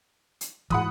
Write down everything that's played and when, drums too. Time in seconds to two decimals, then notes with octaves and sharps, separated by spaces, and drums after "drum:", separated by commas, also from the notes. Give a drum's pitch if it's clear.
0.41 drum: hi-hat
0.70 G#2 E3 F#5 B5 D#6, drum: kick